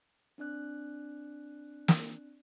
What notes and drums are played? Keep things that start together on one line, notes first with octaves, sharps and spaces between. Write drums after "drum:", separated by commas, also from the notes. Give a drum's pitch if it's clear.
C4 D4 D5 F#6
drum: snare